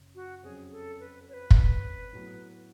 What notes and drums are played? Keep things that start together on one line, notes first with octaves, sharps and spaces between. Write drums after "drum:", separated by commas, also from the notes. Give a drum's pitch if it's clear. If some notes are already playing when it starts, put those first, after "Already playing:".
Already playing: F#1 F#2
F#4
F2 C#3 F#3 C#4 F#4 G#4
A4
B4
C#5
B4
drum: kick
A2 F#3 B3